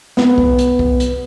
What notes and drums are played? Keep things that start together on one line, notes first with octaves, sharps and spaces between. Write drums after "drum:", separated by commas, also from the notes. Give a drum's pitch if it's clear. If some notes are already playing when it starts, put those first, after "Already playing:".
B3, drum: snare
drum: kick C2
drum: hi-hat
drum: kick C2
drum: hi-hat